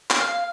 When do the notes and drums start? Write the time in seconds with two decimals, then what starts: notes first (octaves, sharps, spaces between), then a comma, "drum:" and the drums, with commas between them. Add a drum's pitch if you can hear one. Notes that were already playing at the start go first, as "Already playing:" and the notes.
0.10 drum: clap
0.21 F5